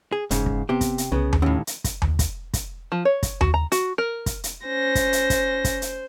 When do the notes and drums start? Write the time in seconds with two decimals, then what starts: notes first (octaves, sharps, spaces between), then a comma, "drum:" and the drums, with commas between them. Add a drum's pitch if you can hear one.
0.12 G#4
0.31 F1 G#2 C#3, drum: hi-hat
0.46 drum: kick
0.69 C3 B3 G4
0.81 drum: kick, hi-hat
0.98 drum: hi-hat
1.12 C2 C#3 B3
1.33 drum: tom D#2
1.42 D#2 A2 C#4
1.67 drum: hi-hat
1.84 drum: kick, hi-hat
2.02 drum: tom D#2
2.19 drum: kick, hi-hat
2.54 drum: kick, hi-hat
2.92 F3
3.05 C#5
3.23 drum: kick, hi-hat
3.41 F#4, drum: tom D#2
3.54 A#5
3.72 F#4, drum: hi-hat
3.98 A#4
4.26 drum: kick, hi-hat
4.44 drum: hi-hat
4.66 C#4 C5 A#6
4.95 drum: kick, hi-hat
5.13 drum: hi-hat
5.30 drum: kick, hi-hat
5.64 drum: kick, hi-hat
5.82 drum: hi-hat